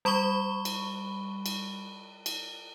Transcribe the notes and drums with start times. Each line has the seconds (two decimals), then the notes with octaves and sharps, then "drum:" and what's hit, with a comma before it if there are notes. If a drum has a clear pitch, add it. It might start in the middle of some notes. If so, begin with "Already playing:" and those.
0.05 G3 B5 C#6 G7
0.65 drum: cymbal
1.46 drum: cymbal
2.26 drum: cymbal